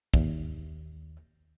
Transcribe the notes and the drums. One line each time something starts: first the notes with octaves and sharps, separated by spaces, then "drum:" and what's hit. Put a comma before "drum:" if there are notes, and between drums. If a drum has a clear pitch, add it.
D#2, drum: kick